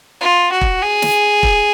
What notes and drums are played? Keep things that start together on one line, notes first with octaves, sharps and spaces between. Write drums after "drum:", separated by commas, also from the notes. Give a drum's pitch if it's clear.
F4
F#4
drum: kick E1
G#4
drum: snare
drum: kick E1